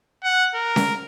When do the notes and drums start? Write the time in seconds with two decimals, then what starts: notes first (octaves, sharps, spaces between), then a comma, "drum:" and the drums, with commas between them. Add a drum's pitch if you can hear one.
0.24 F#5
0.54 A#4
0.76 drum: snare C#4